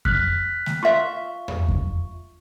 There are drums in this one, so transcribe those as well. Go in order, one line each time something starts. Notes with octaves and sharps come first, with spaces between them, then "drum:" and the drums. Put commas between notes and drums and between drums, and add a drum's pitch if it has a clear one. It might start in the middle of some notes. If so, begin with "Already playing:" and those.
F6 F#6 B6, drum: kick F2
drum: snare A3
F4 E5 C#6
drum: tom E2
drum: kick F2